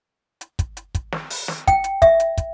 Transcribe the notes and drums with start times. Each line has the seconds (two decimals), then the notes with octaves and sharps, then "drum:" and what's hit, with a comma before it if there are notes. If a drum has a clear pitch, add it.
0.41 drum: hi-hat
0.59 drum: kick, hi-hat
0.77 drum: hi-hat
0.95 drum: kick, hi-hat
1.12 drum: snare
1.30 drum: open hi-hat
1.48 drum: snare
1.68 G5, drum: kick, hi-hat
1.84 drum: hi-hat
2.02 E5, drum: kick, hi-hat
2.20 drum: hi-hat
2.38 drum: kick, hi-hat